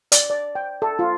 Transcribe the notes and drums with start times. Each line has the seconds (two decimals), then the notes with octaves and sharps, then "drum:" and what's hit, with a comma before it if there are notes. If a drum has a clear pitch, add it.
0.12 D5, drum: hi-hat
0.30 D5
0.55 G5
0.82 A4
0.99 F4